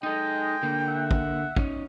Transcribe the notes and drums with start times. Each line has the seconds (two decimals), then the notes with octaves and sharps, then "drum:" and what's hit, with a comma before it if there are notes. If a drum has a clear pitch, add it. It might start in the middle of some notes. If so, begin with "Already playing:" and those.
0.03 G#3 D#4 A4 D#5 G5
0.63 D3 A#3
0.87 E5 F#5
1.11 drum: kick
1.57 C#4 D#4, drum: kick